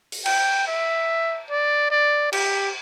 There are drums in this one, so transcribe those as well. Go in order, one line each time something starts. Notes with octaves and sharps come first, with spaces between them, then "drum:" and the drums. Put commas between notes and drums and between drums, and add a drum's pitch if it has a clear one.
drum: open hi-hat
G5, drum: cymbal
E5
D5
D5
G4, drum: cymbal